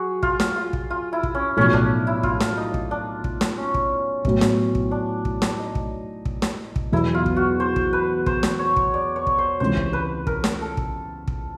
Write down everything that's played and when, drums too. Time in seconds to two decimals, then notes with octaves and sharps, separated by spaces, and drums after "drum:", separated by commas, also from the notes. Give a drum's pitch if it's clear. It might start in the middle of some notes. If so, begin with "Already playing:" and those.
Already playing: F#3 F#4 G#4
0.23 F4, drum: kick
0.40 drum: snare
0.56 F4
0.73 drum: kick
0.90 F4
1.13 E4
1.23 drum: kick
1.35 C#4
1.57 B1 A2 F3 C#4
1.73 D4, drum: kick
2.07 E4
2.23 F4, drum: kick
2.41 drum: snare
2.57 D#4
2.74 drum: kick
2.91 D4
3.24 drum: kick
3.41 drum: snare
3.58 C#4
3.74 drum: kick
4.25 A2 F#3 B3, drum: kick
4.41 drum: snare
4.75 drum: kick
4.91 D4
5.25 drum: kick
5.42 drum: snare
5.59 D#4
5.75 drum: kick
6.25 drum: kick
6.42 drum: snare
6.76 drum: kick
6.92 E2 B2 F#3 E4
7.14 F4
7.26 drum: kick
7.36 F#4
7.60 C5
7.76 drum: kick
7.93 B4
8.26 C5, drum: kick
8.43 drum: snare
8.59 C#5
8.76 drum: kick
8.94 D5
9.16 C#5
9.27 drum: kick
9.38 C5
9.60 C#2 C3 E3 G#3 C5
9.77 drum: kick
9.93 B4
10.27 A#4, drum: kick
10.44 drum: snare
10.61 A4
10.77 drum: kick
11.28 drum: kick